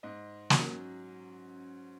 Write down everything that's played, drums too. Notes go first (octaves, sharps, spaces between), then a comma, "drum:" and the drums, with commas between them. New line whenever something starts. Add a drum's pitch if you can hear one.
G#2 D#5
F#3 C#4, drum: snare